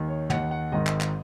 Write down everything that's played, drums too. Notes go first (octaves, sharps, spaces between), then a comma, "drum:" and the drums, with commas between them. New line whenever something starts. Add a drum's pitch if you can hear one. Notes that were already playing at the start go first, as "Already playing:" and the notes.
Already playing: D#2 D#3
C#5
D#2 D#3 F#5, drum: tom
F#5
G#1 G#2 D#3 D#5
drum: clap
drum: clap